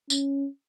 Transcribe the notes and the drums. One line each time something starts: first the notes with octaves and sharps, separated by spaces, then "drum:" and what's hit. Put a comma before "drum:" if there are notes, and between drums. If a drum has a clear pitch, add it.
C#4, drum: tambourine